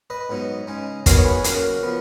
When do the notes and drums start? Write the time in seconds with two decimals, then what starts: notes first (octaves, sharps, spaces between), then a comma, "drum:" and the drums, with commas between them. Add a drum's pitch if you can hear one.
0.10 B4 D#5
0.29 G#2 F#3 B3 D#4
0.67 C#3 G#3 D#4
1.06 B2 F#3 B3 D#4 A#4 C#5, drum: kick, hi-hat
1.18 C#5
1.25 G#4 B4
1.44 C#3 F#3 A#3 F#4 A#4, drum: hi-hat
1.83 F3 B3